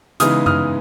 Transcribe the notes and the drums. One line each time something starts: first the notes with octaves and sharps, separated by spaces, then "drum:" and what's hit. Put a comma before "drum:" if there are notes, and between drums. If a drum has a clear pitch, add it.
C#3 E3 G#3 B3 D#4 D#6 F6, drum: hi-hat
D#6 F6, drum: tom F#2